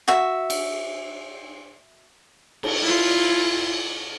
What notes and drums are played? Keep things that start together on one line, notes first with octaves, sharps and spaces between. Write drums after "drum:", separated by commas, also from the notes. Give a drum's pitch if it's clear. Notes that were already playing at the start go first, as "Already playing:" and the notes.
F#4 E5
drum: cymbal
drum: cymbal
E4 F4